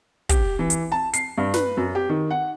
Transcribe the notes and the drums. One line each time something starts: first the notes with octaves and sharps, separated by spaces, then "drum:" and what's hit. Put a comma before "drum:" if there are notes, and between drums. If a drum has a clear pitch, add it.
G4, drum: kick, hi-hat
E3
drum: hi-hat
A5
C7, drum: hi-hat
G2
B4, drum: snare
F#2
G4
D#3
F#5